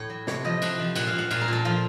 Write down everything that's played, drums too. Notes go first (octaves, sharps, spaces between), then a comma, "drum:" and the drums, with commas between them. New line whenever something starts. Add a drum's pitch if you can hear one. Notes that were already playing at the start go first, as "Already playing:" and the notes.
Already playing: A2 C#5
F#3
C3 C#5, drum: snare
F3 D#5
C3 F#5, drum: cymbal
F3
A#2 F#5, drum: cymbal
F5
A#2
F#5
A#2 F5, drum: cymbal
A#4
A#2 A4
F3 F4